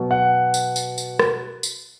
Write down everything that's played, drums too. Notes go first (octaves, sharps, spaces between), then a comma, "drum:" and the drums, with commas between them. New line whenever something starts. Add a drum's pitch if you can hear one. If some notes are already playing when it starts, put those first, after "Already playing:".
Already playing: B2 F#3
F#5
drum: tambourine
drum: tambourine
drum: tambourine
drum: rim click
drum: tambourine